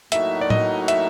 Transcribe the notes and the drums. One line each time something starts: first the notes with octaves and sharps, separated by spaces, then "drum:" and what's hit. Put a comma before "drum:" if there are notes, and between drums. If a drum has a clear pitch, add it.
A2 F#3 A#3 D#4 F#4 E5, drum: hi-hat
D5
D#5, drum: tom A2
E5, drum: hi-hat